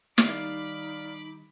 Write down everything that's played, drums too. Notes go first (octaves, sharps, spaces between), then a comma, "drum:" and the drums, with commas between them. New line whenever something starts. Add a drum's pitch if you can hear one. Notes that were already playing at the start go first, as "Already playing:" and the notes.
D#3 G3 D#4 D5 F5 B5 D6, drum: snare